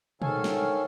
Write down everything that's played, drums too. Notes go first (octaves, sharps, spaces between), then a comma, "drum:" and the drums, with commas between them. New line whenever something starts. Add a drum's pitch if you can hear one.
G#2 D#3 A4 C#5 F5 G#5, drum: tom
drum: snare